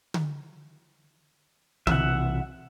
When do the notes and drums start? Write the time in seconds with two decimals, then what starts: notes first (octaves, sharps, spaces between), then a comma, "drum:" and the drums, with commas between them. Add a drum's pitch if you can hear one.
0.14 drum: tom D3
1.87 B1 C3 E3 E5 F#5, drum: tom D3